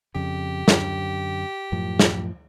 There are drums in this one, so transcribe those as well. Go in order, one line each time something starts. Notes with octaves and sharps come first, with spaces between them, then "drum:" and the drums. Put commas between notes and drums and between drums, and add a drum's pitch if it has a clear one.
F2 C#3 G4
F#2 D3, drum: snare
F#2 A2 F3
drum: snare